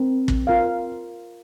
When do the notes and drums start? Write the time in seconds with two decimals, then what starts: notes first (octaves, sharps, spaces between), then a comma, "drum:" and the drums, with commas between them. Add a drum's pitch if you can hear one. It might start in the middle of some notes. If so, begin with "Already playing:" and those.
Already playing: C4 A#4
0.28 drum: kick
0.47 F4 A#4 F5